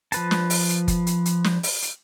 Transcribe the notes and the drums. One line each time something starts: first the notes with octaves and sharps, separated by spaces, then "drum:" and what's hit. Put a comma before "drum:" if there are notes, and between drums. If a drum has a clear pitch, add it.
F3 B4 A5, drum: hi-hat
drum: snare
drum: open hi-hat
drum: hi-hat
drum: kick, hi-hat
drum: hi-hat
drum: hi-hat
drum: snare
drum: open hi-hat
drum: hi-hat